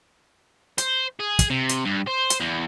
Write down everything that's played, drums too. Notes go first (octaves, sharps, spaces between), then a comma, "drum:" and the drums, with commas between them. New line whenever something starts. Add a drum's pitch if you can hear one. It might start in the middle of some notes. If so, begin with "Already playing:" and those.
C5, drum: hi-hat
G#4
drum: kick, hi-hat
C3
drum: hi-hat
G2
C5
drum: hi-hat
E2